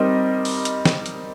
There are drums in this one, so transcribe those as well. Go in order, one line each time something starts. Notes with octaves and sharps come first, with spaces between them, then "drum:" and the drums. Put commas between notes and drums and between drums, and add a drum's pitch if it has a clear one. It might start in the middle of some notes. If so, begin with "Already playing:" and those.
Already playing: G3 C4 D#4 A#4 D#5
drum: open hi-hat
drum: hi-hat
drum: snare
drum: hi-hat